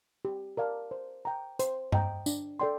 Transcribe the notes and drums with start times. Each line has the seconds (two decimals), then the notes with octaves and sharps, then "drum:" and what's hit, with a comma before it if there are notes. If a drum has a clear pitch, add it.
0.25 G4
0.57 A#4 D5 F5 A5
0.91 C5
1.25 G5 A#5
1.59 C5, drum: hi-hat
1.92 D#5 G5 A#5, drum: tom G2
2.26 D4, drum: tambourine
2.60 A4 D5 G5 C6